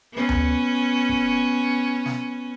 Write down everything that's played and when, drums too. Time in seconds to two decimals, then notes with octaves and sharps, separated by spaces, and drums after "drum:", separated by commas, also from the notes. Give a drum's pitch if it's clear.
0.13 B3 C#4
0.29 drum: tom D2
1.09 drum: kick
2.06 drum: snare